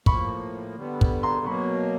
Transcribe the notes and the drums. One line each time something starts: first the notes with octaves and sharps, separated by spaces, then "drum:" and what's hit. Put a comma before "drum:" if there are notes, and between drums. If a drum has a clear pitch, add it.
A2 F3 A#3 B5 C#6, drum: kick
D3 G3 B3
drum: kick
A#5 C6
B2 F#3 A#3 B5 C#6